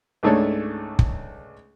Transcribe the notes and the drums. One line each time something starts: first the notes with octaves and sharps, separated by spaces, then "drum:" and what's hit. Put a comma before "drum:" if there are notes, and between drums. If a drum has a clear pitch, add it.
C#2 G#2 A3 D4 A4 C#5
drum: kick